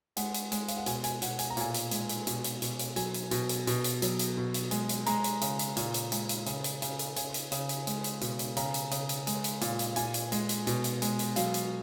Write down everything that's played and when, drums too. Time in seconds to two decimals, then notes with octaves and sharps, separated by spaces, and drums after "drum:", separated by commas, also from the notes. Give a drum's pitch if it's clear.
0.17 G#3 F#5, drum: hi-hat
0.34 drum: hi-hat
0.52 G#3, drum: hi-hat
0.68 F5, drum: hi-hat
0.77 F#5
0.86 B2 G#5, drum: hi-hat
1.04 G#5, drum: hi-hat
1.22 B2 F#5, drum: hi-hat
1.39 G#5, drum: hi-hat
1.50 A#5
1.57 A#2 G#5, drum: hi-hat
1.74 drum: hi-hat
1.91 G#3, drum: hi-hat
2.09 drum: hi-hat
2.27 B2, drum: hi-hat
2.44 drum: hi-hat
2.62 B2, drum: hi-hat
2.79 drum: hi-hat
2.96 F#3 G#5, drum: hi-hat
3.14 drum: hi-hat
3.31 B2, drum: hi-hat
3.49 drum: hi-hat
3.67 B2, drum: hi-hat
3.84 drum: hi-hat
4.02 F#3, drum: hi-hat
4.19 drum: hi-hat
4.37 B2
4.54 drum: hi-hat
4.71 G#3, drum: hi-hat
4.89 drum: hi-hat
5.06 G#3 A#5, drum: hi-hat
5.24 drum: hi-hat
5.41 C#3, drum: hi-hat
5.59 drum: hi-hat
5.77 A#2, drum: hi-hat
5.94 drum: hi-hat
6.12 G#3, drum: hi-hat
6.29 drum: hi-hat
6.46 C#3, drum: hi-hat
6.64 drum: hi-hat
6.82 C#3, drum: hi-hat
6.99 drum: hi-hat
7.16 C#3 G#5, drum: hi-hat
7.34 drum: hi-hat
7.52 C#3, drum: hi-hat
7.69 drum: hi-hat
7.87 G#3, drum: hi-hat
8.04 drum: hi-hat
8.21 B2, drum: hi-hat
8.39 drum: hi-hat
8.57 C#3 A#5, drum: hi-hat
8.74 drum: hi-hat
8.91 C#3, drum: hi-hat
9.09 drum: hi-hat
9.27 G#3, drum: hi-hat
9.44 drum: hi-hat
9.61 A#2, drum: hi-hat
9.79 drum: hi-hat
9.96 A#2 G#5, drum: hi-hat
10.14 drum: hi-hat
10.32 G#3, drum: hi-hat
10.49 drum: hi-hat
10.67 B2, drum: hi-hat
10.84 drum: hi-hat
11.02 G#3, drum: hi-hat
11.19 drum: hi-hat
11.36 F#3 F5, drum: hi-hat
11.54 drum: hi-hat